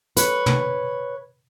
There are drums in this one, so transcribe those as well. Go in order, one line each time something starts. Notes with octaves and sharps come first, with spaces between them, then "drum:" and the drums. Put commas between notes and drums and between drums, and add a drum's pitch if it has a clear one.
B4 C#5, drum: hi-hat
drum: tom